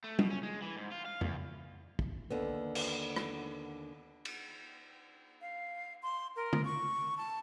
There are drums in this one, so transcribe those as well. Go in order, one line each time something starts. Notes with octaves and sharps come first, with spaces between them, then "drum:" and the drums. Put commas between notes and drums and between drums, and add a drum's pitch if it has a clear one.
A3
B2, drum: tom
C#4
G#3
E3
G#2
F4
F5
E2, drum: tom F2
drum: kick
D#2 D3 B3
drum: cymbal
drum: rim click
drum: cymbal
F5
C6
A#4
drum: tom D3
C#6
A5